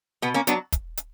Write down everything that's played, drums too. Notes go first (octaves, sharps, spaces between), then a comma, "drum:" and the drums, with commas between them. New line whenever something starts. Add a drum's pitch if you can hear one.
B2 B3
A#3 C#4
F#3 B3 D4, drum: hi-hat
drum: kick, hi-hat
drum: hi-hat